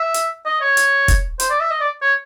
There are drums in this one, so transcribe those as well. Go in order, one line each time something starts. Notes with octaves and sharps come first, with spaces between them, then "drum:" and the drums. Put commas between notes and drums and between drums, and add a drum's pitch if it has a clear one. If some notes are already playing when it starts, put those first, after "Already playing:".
Already playing: E5
drum: hi-hat
D#5
C#5
drum: hi-hat
drum: kick F1, hi-hat
C5, drum: hi-hat
D5
E5
D#5
D5
C#5